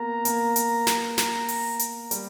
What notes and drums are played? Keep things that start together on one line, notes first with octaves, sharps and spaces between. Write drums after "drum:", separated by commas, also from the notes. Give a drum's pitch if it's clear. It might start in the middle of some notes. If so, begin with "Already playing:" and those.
Already playing: A#3 B3 A#5
A#3, drum: hi-hat
drum: hi-hat
drum: snare
drum: snare
drum: open hi-hat
drum: hi-hat
G3, drum: hi-hat